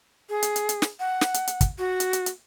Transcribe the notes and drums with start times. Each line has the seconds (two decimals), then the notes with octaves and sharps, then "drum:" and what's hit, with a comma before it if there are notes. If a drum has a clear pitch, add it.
0.29 G#4
0.43 drum: hi-hat
0.56 drum: hi-hat
0.69 drum: hi-hat
0.82 drum: snare
1.00 F#5
1.21 drum: snare
1.34 drum: hi-hat
1.47 drum: hi-hat
1.61 drum: kick, hi-hat
1.78 F#4
2.00 drum: hi-hat
2.13 drum: hi-hat
2.26 drum: hi-hat